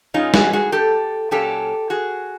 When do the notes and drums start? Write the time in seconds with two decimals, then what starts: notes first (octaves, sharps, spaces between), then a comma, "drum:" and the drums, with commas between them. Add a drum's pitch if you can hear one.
0.14 B2 G#3 C#4 D#4 F4
0.34 F#4 G#4, drum: snare
0.53 F#4 G#4
0.72 G4 A4
1.31 A#2 F#3 A#3 C#4 G4 A4
1.90 F#4 G#4